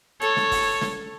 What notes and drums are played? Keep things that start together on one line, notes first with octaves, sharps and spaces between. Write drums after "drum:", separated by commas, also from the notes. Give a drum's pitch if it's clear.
A4 C#5, drum: hi-hat
drum: snare
drum: kick, open hi-hat
drum: snare